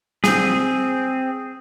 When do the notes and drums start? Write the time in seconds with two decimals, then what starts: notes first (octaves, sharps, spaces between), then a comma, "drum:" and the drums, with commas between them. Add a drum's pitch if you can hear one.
0.24 C4 G#4, drum: snare